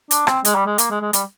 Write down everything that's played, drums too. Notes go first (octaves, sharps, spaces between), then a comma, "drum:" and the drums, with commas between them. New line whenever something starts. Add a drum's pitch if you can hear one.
D4, drum: hi-hat
C4, drum: rim click
G#3, drum: hi-hat
G3
G#3
A#3, drum: hi-hat
G#3
G#3
G3, drum: hi-hat